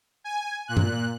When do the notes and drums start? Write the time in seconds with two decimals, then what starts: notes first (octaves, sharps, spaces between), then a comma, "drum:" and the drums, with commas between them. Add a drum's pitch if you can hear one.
0.24 G#5
0.68 A#2 F#6
0.77 drum: tom G2